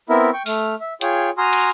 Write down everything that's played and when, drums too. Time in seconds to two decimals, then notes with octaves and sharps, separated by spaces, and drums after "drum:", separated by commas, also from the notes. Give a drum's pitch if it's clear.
0.09 B3 C4 E4 A#4 E5
0.33 G5 C#6
0.46 A3 F6, drum: open hi-hat
0.80 E5
1.01 F4 G#4 C#5 G5, drum: hi-hat
1.38 F#4 G#5 A#5 C6 D#6 F6
1.53 drum: cymbal